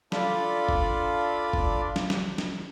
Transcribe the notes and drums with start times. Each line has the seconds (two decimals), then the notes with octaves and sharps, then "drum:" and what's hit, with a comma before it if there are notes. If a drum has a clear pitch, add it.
0.12 D4 F4 A4 D5 B5, drum: snare
0.69 drum: kick
1.53 drum: kick
1.96 drum: snare
2.10 drum: snare
2.38 drum: snare